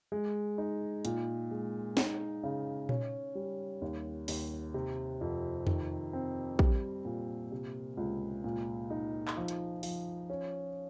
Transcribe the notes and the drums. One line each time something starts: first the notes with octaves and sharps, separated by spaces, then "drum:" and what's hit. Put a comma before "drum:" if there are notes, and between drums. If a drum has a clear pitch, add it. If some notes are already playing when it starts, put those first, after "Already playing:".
G#3
D#4
A#2, drum: hi-hat
G#3
D#4, drum: snare
C#3
C#4, drum: tom A#2
G3
D#2
D#2, drum: open hi-hat
C3
F2
D#3, drum: tom E2
C4
G3, drum: kick
A#2
C3
C#2
A#2
D#4
drum: clap
F3
drum: hi-hat
F3, drum: open hi-hat
C#4